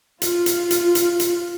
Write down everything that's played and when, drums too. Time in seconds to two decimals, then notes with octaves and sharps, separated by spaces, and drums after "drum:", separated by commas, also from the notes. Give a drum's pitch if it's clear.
0.22 F4, drum: hi-hat
0.46 drum: hi-hat
0.71 drum: hi-hat
0.95 drum: hi-hat
1.20 drum: hi-hat